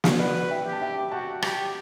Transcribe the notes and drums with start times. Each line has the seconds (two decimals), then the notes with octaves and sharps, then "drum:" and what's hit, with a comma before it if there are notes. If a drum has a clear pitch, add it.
0.04 drum: snare
0.19 B4 D5 F#5
0.50 E5 G5
0.66 G4
0.73 A5
0.81 E5 G5
1.11 F#4 F#5 A5
1.42 G4, drum: rim click